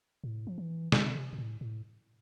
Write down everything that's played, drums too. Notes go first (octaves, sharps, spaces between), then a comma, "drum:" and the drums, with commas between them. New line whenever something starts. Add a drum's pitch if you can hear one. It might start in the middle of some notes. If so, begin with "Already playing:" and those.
A2
F3
E3
D3, drum: snare
C3
A#2
A2
A2